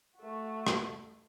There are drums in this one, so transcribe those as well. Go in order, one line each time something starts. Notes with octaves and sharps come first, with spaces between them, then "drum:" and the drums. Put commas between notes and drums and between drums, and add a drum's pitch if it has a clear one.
A3 F#4
drum: rim click